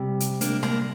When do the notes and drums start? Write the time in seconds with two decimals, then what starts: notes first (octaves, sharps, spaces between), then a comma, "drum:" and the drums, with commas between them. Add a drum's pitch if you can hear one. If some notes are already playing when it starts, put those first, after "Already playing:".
Already playing: C3 G3
0.20 drum: hi-hat
0.41 A#3 D4, drum: hi-hat
0.63 A#3 D4, drum: rim click